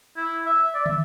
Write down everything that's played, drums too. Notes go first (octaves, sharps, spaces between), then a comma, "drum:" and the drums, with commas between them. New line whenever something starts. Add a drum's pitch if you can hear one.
E4
E5
D5
E5, drum: tom